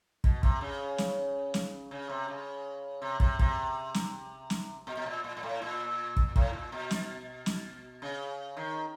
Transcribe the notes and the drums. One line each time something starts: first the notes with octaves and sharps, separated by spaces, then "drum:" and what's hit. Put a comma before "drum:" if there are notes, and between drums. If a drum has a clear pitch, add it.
B2, drum: kick
C3, drum: kick
C#3
drum: snare
drum: snare
C#3
C3
C#3
C3
C3, drum: kick
C3, drum: kick
drum: snare
drum: snare
B2
B2
A#2
A#2
A#2
A2
A#2
drum: kick
A2, drum: kick
A#2
B2
drum: snare
drum: snare
C#3
D#3